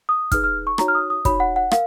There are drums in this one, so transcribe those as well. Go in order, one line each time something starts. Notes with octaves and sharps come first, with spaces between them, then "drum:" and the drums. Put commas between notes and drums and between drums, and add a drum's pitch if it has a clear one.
D#6
D#4 G#4 B4 F6, drum: kick, hi-hat
F6
C#6
D#4 F#4 C#5 A#5, drum: rim click
F6
D#6
D#6
D#4 F#4 C#5 B5, drum: kick, hi-hat
F#5
F#5
A#4 F5, drum: rim click